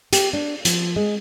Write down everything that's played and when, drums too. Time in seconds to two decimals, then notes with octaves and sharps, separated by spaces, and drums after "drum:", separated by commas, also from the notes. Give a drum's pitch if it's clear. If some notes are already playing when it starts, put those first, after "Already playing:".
0.13 G4, drum: hi-hat
0.33 D4
0.65 F3, drum: hi-hat
0.96 G#3